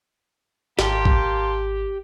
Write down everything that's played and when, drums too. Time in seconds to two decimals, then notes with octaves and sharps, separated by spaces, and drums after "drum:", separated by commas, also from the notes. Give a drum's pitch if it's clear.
0.79 G#1 A#3 G4 A5 C6, drum: snare
1.05 drum: kick A#1